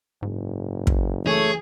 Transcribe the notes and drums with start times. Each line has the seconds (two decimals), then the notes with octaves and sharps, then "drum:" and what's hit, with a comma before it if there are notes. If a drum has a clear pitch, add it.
0.22 F#1 G#2
0.87 drum: kick
1.27 E3 A3 G#4 C#5